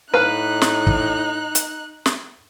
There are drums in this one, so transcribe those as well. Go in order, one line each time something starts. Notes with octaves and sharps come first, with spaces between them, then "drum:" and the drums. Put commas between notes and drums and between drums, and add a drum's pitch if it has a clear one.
A2 D#4 B4 F5 B5 F#6
drum: snare
drum: kick
drum: hi-hat
drum: snare